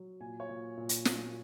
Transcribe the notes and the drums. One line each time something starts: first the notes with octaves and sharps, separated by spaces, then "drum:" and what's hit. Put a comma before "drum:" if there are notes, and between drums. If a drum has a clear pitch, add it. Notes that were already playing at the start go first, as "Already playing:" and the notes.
Already playing: F#3
A#2 G#5
C#5
A#2
A#2
drum: hi-hat
F#3, drum: snare